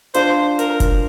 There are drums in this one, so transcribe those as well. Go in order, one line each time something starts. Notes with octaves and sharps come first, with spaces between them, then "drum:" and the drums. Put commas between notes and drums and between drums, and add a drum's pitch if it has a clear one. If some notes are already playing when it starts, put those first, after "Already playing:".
D4 F4 C5, drum: hi-hat
A#4, drum: hi-hat
drum: kick F1, hi-hat